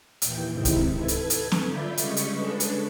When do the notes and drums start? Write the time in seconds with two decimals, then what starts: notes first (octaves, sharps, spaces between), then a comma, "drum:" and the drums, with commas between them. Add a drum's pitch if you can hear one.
0.22 D#2 A#2 E3 G5, drum: hi-hat
0.52 G#2 C3 D#3 C4 D#4 E4
0.65 drum: kick C#2, hi-hat
0.95 A4 B4 G#6
1.08 drum: hi-hat
1.30 drum: hi-hat
1.52 drum: snare C4
1.66 D3 F4 D5 E5 B5 G6
1.97 C#3 G3 G#3 D#5 C#6 B6, drum: hi-hat
2.17 drum: hi-hat
2.33 C#3 G#3 D4 A4 B4
2.60 drum: hi-hat